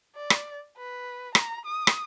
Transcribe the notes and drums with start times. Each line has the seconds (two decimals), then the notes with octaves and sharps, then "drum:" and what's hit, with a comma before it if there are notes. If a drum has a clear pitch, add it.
0.16 D5
0.30 drum: rim click
0.78 B4
1.35 A#5, drum: rim click
1.66 D#6
1.87 drum: rim click